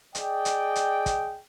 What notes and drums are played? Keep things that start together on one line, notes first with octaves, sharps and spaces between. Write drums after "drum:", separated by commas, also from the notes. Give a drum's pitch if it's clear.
G#4 D5 D#5 G5, drum: hi-hat
drum: hi-hat
drum: hi-hat
drum: kick, hi-hat